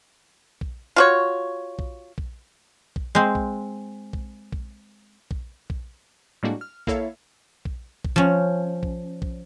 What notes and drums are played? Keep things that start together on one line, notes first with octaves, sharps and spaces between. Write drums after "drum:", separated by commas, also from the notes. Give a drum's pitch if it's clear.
drum: kick A#1
F4 F#4 C#5
drum: kick A#1
drum: kick A#1
drum: kick A#1
G#3 C4
drum: kick A#1
drum: kick A#1
drum: kick A#1
drum: kick A#1
drum: kick A#1
A2 G3 G#3 A#3 D4 F#4
F6
A#3 E4 A4 C#5 E5 F5, drum: kick A#1
drum: kick A#1
drum: kick A#1
F3 C#4
drum: kick A#1
drum: kick A#1